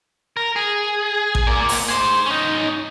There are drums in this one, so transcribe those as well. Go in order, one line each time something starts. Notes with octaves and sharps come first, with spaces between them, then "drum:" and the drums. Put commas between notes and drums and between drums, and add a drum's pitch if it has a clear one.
A#4
G#4
drum: kick A1
A#3 D5
drum: open hi-hat
G#4 C5
C#4 D#4